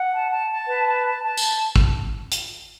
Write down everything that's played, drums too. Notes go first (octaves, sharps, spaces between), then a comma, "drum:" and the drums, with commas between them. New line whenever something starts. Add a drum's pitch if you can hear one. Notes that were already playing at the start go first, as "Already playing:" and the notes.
Already playing: F#5
A5
A5
A5
B4
A5
A5
A5
drum: tambourine
drum: kick
drum: hi-hat